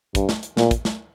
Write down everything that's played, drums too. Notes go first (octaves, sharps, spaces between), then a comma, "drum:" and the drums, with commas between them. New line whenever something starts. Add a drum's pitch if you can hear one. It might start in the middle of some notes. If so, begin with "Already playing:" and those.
G2, drum: kick, hi-hat
drum: snare
drum: hi-hat
A#2, drum: snare
drum: kick, hi-hat
drum: snare